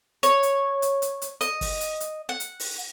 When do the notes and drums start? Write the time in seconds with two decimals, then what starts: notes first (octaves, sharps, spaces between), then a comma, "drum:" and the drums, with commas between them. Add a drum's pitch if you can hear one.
0.23 C#5, drum: hi-hat
0.43 drum: hi-hat
0.82 drum: hi-hat
1.02 drum: hi-hat
1.22 drum: hi-hat
1.41 D#5, drum: hi-hat
1.61 drum: kick, open hi-hat
1.81 drum: hi-hat
2.00 drum: hi-hat
2.29 F#5
2.40 drum: hi-hat
2.60 drum: open hi-hat